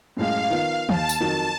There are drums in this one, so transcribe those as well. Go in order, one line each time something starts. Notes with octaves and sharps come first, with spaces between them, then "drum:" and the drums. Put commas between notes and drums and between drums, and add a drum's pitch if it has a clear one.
F#2 A2 G#3 F5
D#3 F3 B3
D#2 A5, drum: tom E3
drum: tambourine
F2 D#3 F#3